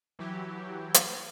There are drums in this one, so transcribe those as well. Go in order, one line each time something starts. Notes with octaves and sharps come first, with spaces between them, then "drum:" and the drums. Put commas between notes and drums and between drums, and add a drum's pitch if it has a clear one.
E3 F#3 E4 G4
drum: hi-hat